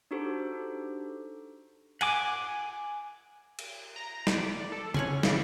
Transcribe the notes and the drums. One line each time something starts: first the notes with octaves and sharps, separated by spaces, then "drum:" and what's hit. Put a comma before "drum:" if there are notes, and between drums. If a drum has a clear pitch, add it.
D4 D#4 F#4 G4 A4 C5
F#5 G#5 D6, drum: cymbal
drum: cymbal
A#5
D5, drum: snare
A4
C#4 C#5 F#5 G#5, drum: tom C#3
C#3 E3 D5 C#7, drum: snare